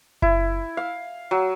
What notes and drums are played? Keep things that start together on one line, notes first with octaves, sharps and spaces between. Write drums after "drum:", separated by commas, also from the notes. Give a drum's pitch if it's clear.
E4, drum: kick F#1
F5
F#3